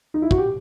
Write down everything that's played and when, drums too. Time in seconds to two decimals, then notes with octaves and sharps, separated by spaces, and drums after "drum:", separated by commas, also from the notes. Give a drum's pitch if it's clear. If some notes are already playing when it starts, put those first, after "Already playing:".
0.14 D#4
0.22 E4
0.31 F#4, drum: kick
0.38 G4